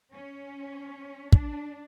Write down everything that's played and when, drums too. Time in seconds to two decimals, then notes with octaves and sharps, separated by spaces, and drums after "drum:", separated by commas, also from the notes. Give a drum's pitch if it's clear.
0.14 C#4
1.33 D4, drum: kick